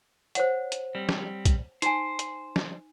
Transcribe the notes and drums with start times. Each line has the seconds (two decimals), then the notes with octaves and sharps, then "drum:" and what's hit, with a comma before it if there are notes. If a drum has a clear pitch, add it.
0.35 C5 C#5 F#5, drum: hi-hat
0.72 drum: hi-hat
0.95 G3 C4
1.09 drum: snare
1.45 drum: kick, hi-hat
1.82 D#4 C5 G#5, drum: hi-hat
2.19 drum: hi-hat
2.56 drum: snare